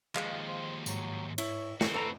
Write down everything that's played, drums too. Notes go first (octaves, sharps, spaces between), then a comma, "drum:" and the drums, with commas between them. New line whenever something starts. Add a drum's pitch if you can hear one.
D#2 F3 G#3 F5, drum: clap
C5
G#2 F#3, drum: tambourine
E4 C#5, drum: cymbal
C4 F#4, drum: snare
A4 B4 A#5